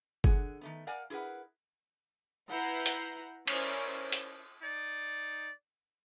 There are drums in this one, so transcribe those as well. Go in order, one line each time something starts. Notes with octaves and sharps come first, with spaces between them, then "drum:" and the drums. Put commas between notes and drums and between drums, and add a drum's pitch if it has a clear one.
D3 G#4 F#5, drum: kick G1
D#3 A3 B3
A#4 D5 F5 F#5 G#5
E4 G#4 A#4 B4 F#5
E4 B4 F#5 A#5 G6 C7
drum: hi-hat
C#4 E4 A#4 C5 D5, drum: cymbal
drum: hi-hat
D#4 D5